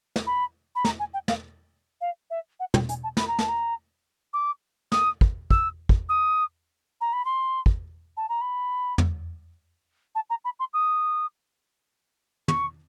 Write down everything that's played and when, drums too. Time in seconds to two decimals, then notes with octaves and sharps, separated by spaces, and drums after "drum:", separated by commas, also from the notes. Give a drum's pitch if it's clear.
0.16 drum: snare
0.27 B5
0.75 B5
0.85 A#5, drum: snare
0.99 G#5
1.14 G5
1.28 F5, drum: snare
2.01 F5
2.30 E5
2.60 F#5
2.74 G5, drum: tom
2.89 G#5, drum: hi-hat
3.03 A5
3.17 B5, drum: snare
3.27 A#5
3.39 A5, drum: snare
3.48 A#5
4.33 D6
4.92 D#6, drum: snare
5.21 drum: kick
5.51 E6, drum: kick
5.89 drum: kick
6.09 D#6
7.01 A#5
7.13 B5
7.25 C6
7.66 drum: kick
8.17 A5
8.29 A#5
8.41 B5
8.98 drum: tom
10.15 A5
10.30 A#5
10.44 B5
10.59 C6
10.73 D#6
12.48 C#6, drum: tom